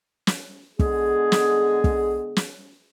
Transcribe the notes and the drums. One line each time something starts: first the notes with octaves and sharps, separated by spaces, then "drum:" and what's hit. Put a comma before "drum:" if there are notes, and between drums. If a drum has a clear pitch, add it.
drum: snare
D3 G#3 B3 G#4, drum: kick
drum: snare
drum: kick
drum: snare